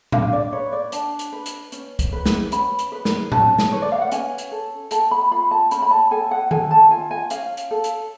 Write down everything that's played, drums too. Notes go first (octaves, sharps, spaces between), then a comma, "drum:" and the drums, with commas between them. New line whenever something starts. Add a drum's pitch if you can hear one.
D4 F5, drum: tom A2
D5
B4 C#5
D5
D4 A5, drum: hi-hat
drum: hi-hat
B4
drum: hi-hat
C#4, drum: hi-hat
drum: kick, hi-hat
B4
drum: snare
C#4 B5, drum: hi-hat
drum: hi-hat
B4
drum: snare
C#4 A5, drum: tom A2
drum: snare
B4 C#5
D5
F5
F#5
C#4 G#5, drum: hi-hat
drum: hi-hat
A4
A4 A5, drum: hi-hat
B5
F4 B5
A5
C#4 B5, drum: hi-hat
B5
A5
A4 G#5
F#5
A4 G#5, drum: tom D#3
A5
F4 G#5
G#5
C#4 F5, drum: hi-hat
drum: hi-hat
A4
drum: hi-hat